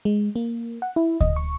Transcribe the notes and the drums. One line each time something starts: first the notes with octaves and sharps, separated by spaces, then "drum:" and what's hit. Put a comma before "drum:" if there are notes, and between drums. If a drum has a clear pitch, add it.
G#3
A#3
F#5
E4
D#5, drum: kick D2
C#6